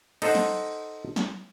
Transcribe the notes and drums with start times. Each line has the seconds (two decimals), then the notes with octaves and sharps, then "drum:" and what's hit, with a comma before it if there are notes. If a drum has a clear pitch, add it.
0.22 D#4 A4 C5 D#5 F#5, drum: cymbal
0.35 drum: snare
1.16 drum: snare